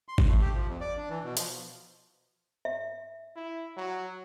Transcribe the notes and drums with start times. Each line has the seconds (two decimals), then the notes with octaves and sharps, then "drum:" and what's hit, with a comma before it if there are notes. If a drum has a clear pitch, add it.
0.09 C6
0.18 drum: kick G#1
0.28 A3
0.41 G4
0.54 F3
0.68 F2
0.81 D5
0.97 D4
1.09 E3
1.24 B2
1.37 F3, drum: hi-hat
2.65 E5
3.36 E4
3.77 F#3